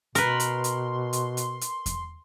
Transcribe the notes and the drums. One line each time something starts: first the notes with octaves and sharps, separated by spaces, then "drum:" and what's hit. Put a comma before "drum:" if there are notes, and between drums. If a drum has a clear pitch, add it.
B2 A#4 B4 C6, drum: hi-hat
drum: hi-hat
drum: hi-hat
drum: hi-hat
drum: hi-hat
drum: hi-hat
drum: kick E2, hi-hat